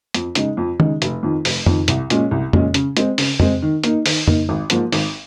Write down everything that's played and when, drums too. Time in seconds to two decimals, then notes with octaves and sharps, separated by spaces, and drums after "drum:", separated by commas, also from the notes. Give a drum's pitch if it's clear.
0.14 F2, drum: hi-hat
0.35 C#3 G#3 D#4, drum: hi-hat
0.57 F2
0.80 C#3 G#3 D#4, drum: tom D#3
1.02 F1, drum: hi-hat
1.23 F2 D#3
1.45 F1, drum: open hi-hat
1.66 F2 D#3, drum: tom F2
1.88 C2, drum: hi-hat
2.10 A#2 G#3 C#4, drum: hi-hat
2.31 C2
2.53 A#2 G#3 C#4, drum: tom F2
2.74 C#3, drum: hi-hat
2.97 G#3 C4, drum: hi-hat
3.18 C#3, drum: open hi-hat
3.40 G#3 C4, drum: tom F2
3.62 D#3
3.83 A#3 D#4, drum: hi-hat
4.06 D#3, drum: open hi-hat
4.28 A#3 D#4, drum: tom F2
4.49 G#1
4.70 G#2 F3 A#3, drum: hi-hat
4.92 G#1, drum: open hi-hat